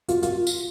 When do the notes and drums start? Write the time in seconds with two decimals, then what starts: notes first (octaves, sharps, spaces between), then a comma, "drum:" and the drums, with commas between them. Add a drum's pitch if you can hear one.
0.08 F4, drum: hi-hat
0.23 F4, drum: hi-hat
0.47 drum: tambourine